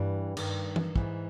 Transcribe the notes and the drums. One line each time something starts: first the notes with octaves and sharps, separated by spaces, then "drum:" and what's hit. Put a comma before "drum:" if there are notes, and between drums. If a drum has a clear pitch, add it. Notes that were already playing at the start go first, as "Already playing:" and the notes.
Already playing: G2 E3 G4
G2 D#3, drum: cymbal
drum: tom
G#2 E3, drum: kick